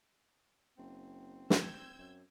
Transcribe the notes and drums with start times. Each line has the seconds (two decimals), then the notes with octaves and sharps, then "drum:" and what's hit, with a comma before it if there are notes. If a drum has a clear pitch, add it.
0.78 F#1 C4
1.50 E6 G6 G#6, drum: snare
1.99 F#2